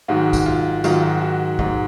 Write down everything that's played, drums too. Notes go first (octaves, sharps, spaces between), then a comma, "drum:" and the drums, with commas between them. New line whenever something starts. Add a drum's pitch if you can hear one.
G#2 D#3 F#3 F#4
drum: kick G#1, tambourine
F4
G#2 D#3 F#3 F4, drum: tambourine
F#4
F#4
G#2 F#3, drum: kick G#1